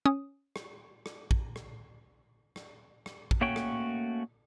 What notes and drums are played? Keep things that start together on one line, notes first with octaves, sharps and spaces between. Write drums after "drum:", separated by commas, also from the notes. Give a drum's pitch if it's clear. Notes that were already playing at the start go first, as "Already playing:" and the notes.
C#4 D#6
drum: rim click
drum: rim click
drum: kick
drum: rim click
drum: rim click
drum: rim click
drum: kick
A3 A#3 C#4 F#4 C#5 G5
drum: rim click